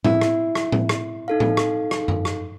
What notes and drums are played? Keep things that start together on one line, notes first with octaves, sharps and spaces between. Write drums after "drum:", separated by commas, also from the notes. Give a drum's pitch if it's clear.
E4, drum: tom
drum: rim click
drum: rim click
drum: tom
drum: rim click
D#4 A4 F5
drum: tom
drum: rim click
drum: rim click
drum: tom F#2
drum: rim click